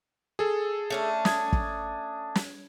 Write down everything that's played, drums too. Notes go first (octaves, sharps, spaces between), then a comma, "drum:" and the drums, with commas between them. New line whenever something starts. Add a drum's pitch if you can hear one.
G#4 A4
A3 C#4 D4
D#6 G#6, drum: snare
drum: kick
drum: snare